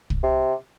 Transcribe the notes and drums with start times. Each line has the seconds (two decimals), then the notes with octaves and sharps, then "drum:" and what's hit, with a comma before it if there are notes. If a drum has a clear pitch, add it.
0.10 drum: kick
0.23 C3